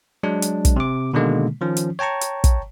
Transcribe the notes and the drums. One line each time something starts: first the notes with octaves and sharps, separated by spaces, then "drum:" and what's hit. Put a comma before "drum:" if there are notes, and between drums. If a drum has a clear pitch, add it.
F#3 G#3 D4
drum: hi-hat
drum: kick, hi-hat
C3 D6
B2 D3 D#3 G#3 A#3
D#3 F3 C#4
drum: hi-hat
C#5 G5 A5 A#5 C#6
drum: hi-hat
drum: kick, hi-hat